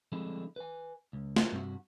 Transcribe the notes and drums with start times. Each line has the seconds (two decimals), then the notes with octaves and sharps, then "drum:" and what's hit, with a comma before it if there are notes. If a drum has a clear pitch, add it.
0.12 D3 F3 G3 G#3 C4 E4
0.56 B4 G#5
1.13 C#2
1.36 drum: snare
1.52 G2 C3 F#4